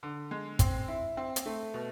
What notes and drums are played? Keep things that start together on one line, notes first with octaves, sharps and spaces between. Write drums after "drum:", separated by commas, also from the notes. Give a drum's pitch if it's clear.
D3
G#3
C4, drum: kick, hi-hat
E4
C4
drum: hi-hat
A3
B2